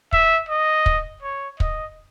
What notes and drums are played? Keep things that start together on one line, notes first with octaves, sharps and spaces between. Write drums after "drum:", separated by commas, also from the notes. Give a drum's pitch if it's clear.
E5, drum: kick
D#5
drum: kick
C#5
D#5, drum: kick